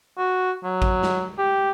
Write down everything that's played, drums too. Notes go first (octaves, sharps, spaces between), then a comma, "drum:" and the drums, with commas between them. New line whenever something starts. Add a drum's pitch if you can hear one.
F#4
F#3
drum: kick A1
drum: snare
G4